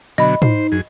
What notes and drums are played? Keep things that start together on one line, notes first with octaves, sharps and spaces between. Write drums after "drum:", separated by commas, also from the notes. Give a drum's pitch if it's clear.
B2 D3 F#3 D#5 B5
D#4 C5, drum: tom
F#2 G#4